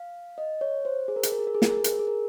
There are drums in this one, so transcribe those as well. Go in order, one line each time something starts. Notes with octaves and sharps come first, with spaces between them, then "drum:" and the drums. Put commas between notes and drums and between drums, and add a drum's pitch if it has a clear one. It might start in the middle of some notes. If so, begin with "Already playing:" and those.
Already playing: F5
D#5
C#5
C5
G#4
A#4
G#4, drum: hi-hat
A#4
G#4
A#4
G#4
A#4, drum: snare
G#4
A#4
G#4, drum: hi-hat
A#4
G#4
A#4